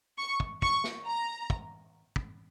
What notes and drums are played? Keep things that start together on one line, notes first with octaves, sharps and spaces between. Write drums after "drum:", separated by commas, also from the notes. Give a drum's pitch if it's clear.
C#6
drum: kick
C#6, drum: kick
drum: snare
A#5
drum: kick
drum: kick